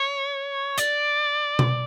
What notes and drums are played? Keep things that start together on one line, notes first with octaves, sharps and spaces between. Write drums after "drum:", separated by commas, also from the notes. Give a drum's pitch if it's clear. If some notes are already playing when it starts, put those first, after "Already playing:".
Already playing: C#5
D5, drum: hi-hat
drum: tom B2